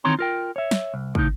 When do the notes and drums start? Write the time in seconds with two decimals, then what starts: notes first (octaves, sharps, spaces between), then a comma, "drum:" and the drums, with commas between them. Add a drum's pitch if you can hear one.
0.04 D#3 E3 C4 C#5 A#5 C6
0.19 F4 A#4 G5
0.56 C#5 E5
0.71 drum: snare
0.94 C2
1.15 A2 C#3 D#4, drum: kick